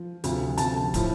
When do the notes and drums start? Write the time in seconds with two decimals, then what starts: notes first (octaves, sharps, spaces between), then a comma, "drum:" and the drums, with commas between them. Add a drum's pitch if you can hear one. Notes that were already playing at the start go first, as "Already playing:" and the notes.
Already playing: F3
0.24 D2 C3 F3, drum: hi-hat
0.58 D2 C3 F3 A5, drum: hi-hat
0.94 A2 F3, drum: kick, hi-hat